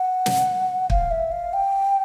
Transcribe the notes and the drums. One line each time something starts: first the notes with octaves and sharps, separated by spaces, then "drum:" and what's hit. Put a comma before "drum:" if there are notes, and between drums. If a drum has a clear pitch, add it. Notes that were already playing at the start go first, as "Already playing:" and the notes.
Already playing: F#5
drum: snare
F5, drum: kick
E5
F5
G5